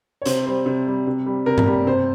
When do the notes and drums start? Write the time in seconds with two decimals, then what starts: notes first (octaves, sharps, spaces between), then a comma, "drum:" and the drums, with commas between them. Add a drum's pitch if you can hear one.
0.22 C#5
0.26 C3 C5, drum: hi-hat
0.46 G3 C5
0.66 C3
0.87 G3
1.07 C3
1.26 G3
1.46 C3 A#4
1.58 drum: tom G2
1.67 G3
1.87 C3 C5